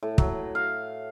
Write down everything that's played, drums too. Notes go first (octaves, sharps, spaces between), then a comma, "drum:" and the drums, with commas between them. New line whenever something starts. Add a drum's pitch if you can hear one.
A2
F#3, drum: kick
F5